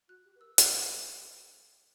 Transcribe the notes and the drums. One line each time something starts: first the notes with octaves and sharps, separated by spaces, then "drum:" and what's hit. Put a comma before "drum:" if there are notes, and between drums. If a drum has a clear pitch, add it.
F#4 F#6
G4
B4
A#4 E6
B4 D6, drum: hi-hat
D6